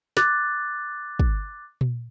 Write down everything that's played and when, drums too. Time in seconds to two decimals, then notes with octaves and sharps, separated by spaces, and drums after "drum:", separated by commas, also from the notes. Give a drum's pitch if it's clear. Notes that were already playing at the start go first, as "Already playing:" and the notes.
0.17 D6 F#6 A6, drum: snare
1.19 drum: kick
1.81 drum: tom A#2